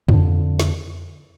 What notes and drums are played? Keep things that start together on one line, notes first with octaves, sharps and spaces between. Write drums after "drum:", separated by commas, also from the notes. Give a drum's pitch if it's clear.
F2 D3, drum: tom
drum: snare